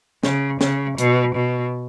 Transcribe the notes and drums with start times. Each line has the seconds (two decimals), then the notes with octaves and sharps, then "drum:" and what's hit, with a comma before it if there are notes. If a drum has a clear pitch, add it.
0.23 C#3, drum: snare
0.61 C#3, drum: snare
0.98 B2, drum: hi-hat
1.36 B2